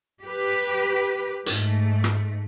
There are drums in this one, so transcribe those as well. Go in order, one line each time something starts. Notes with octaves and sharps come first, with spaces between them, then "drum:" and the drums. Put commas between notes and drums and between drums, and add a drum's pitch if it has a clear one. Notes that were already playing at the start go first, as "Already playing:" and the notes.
G4 B4
G#2 A3, drum: hi-hat
drum: rim click